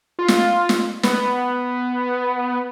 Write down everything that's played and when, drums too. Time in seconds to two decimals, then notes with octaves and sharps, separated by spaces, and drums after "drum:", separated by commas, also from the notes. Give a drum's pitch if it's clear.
0.19 F4
0.28 drum: snare
0.69 drum: snare
1.03 B3, drum: snare